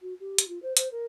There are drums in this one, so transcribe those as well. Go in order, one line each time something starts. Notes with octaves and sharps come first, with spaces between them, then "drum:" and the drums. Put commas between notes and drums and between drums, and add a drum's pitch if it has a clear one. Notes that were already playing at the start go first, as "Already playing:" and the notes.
F#4
G4
drum: hi-hat
F4
C5
C5, drum: hi-hat
A#4